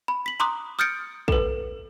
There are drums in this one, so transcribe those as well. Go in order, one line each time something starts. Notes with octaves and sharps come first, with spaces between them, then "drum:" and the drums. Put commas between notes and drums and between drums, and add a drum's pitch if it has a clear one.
B5
B6 F#7
A#5 C6 D6 D#6 F#6
D#6 F6 G6 A6 C#7 D7
A4 B4, drum: kick